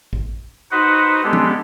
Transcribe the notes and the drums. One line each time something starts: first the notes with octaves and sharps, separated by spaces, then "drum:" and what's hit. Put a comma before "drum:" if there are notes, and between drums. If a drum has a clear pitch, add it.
drum: kick
D#4 F#4 B4 C5 F#5
G#3 B3 D4 G4 A4
drum: tom F3